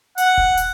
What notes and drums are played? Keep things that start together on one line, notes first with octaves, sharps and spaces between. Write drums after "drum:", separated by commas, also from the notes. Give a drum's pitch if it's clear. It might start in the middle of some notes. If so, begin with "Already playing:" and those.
F#5, drum: hi-hat
drum: kick D#1
drum: hi-hat